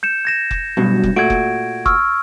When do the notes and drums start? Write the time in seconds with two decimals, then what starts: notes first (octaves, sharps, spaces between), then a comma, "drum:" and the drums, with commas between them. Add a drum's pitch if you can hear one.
0.03 G6 C#7 E7
0.25 G#6 A#6 E7
0.51 drum: kick F1
0.77 G2 B2 F#3
1.03 drum: kick F1
1.16 A#2 A3 F#4 G#6 D7
1.30 drum: kick F1
1.86 C#6 E6 F6, drum: kick F1